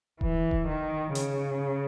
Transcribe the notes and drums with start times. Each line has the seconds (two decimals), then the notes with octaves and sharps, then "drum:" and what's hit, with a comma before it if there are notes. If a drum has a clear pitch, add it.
0.21 E3, drum: kick D#1
0.51 drum: kick D#1
0.69 D#3
1.15 C#3, drum: hi-hat